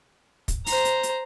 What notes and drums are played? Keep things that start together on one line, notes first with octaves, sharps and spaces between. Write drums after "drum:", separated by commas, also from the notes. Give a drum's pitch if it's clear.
drum: kick, hi-hat
C5 A#5, drum: open hi-hat
drum: hi-hat
drum: hi-hat